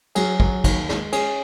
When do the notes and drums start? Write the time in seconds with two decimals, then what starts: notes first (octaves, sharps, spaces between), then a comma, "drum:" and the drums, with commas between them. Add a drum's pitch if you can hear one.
0.15 F#3 G#4, drum: cymbal
0.40 F#3, drum: kick
0.64 D#2, drum: kick, cymbal
0.89 G#3, drum: snare
1.13 C#4 G#4, drum: cymbal